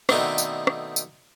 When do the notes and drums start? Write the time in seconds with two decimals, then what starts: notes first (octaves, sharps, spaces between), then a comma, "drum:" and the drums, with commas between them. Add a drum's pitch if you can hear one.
0.09 B2 D3 D#3 A3 B3 C4, drum: rim click
0.38 drum: tambourine
0.67 drum: rim click
0.96 drum: tambourine